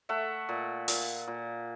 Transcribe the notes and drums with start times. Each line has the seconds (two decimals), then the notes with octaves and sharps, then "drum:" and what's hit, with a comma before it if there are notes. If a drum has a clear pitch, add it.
0.09 A3 E5 F#5
0.49 A#2
0.88 A#2, drum: open hi-hat
1.28 A#2